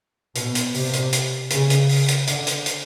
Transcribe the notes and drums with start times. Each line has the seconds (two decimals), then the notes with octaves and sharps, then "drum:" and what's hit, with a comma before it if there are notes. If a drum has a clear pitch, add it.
0.36 B2, drum: hi-hat
0.55 drum: hi-hat
0.75 C3, drum: open hi-hat
0.94 drum: hi-hat
1.13 drum: hi-hat
1.51 C#3, drum: hi-hat
1.70 drum: hi-hat
1.89 drum: open hi-hat
2.09 drum: hi-hat
2.28 D3, drum: hi-hat
2.47 drum: hi-hat
2.66 drum: hi-hat